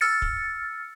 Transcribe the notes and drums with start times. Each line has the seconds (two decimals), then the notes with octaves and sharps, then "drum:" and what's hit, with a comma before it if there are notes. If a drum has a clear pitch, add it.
0.01 E6 F6 A6 C#7
0.22 drum: kick